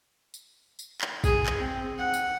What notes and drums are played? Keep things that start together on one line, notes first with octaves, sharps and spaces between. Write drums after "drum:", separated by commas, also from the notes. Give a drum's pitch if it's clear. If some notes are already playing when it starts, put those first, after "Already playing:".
drum: tambourine
drum: tambourine
drum: clap
G#4, drum: kick, tambourine
drum: clap
C4
F#5
drum: tambourine